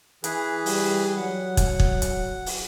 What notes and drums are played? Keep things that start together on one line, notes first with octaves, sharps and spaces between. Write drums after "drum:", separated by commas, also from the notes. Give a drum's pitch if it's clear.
E3 G#4 B4, drum: hi-hat
G3, drum: open hi-hat
F#3 F#5
drum: kick, hi-hat
drum: kick
drum: hi-hat
drum: open hi-hat